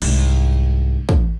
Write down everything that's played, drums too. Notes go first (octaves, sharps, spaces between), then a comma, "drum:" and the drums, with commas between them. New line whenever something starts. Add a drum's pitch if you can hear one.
C2 G#2, drum: cymbal
drum: kick